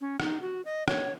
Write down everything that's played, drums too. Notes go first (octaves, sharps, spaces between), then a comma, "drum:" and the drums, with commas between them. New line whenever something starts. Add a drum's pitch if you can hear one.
C#4
D#4, drum: rim click
F#4
D#5
C#5, drum: rim click